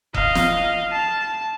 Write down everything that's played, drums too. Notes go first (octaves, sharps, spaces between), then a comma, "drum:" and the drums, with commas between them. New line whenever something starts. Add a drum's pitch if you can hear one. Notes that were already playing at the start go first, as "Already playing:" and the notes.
D#5 F5, drum: kick F1
drum: snare
A5